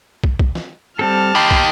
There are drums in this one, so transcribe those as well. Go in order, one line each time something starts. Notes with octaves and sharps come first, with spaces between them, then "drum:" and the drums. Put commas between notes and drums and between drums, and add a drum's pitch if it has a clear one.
drum: kick
drum: kick
drum: snare
G3 C4 A4 A5 F6
D#4 G4 B5 C6
drum: kick